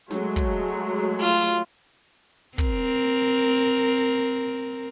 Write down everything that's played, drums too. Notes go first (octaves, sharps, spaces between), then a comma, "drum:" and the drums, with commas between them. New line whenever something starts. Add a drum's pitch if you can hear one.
F#3 G#3 A3, drum: snare
drum: kick
F4
C4 A#4, drum: kick